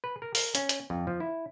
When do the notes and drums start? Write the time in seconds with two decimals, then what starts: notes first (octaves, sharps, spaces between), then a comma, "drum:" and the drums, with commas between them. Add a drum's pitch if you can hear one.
0.04 B4
0.22 A#4
0.35 A#4, drum: open hi-hat
0.55 C#4, drum: hi-hat
0.69 drum: hi-hat
0.90 F2
1.07 F3
1.20 E4